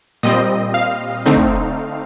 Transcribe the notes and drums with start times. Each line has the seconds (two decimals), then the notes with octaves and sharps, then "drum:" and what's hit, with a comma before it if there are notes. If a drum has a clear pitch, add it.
0.23 A#2 G3 C4 D#5
0.74 F5
1.26 D3 A3 C4 D#4
1.36 drum: kick